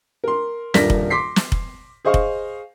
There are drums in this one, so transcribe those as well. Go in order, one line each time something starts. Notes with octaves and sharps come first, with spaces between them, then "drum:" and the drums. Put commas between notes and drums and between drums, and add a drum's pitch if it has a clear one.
A#4 C6
D#1 G2 A#4 D5 A#6 B6, drum: snare
drum: kick F1
C6 D6 B6 C7
drum: snare
drum: kick F1
G#4 C5 D#5 F5 C#6
drum: kick F1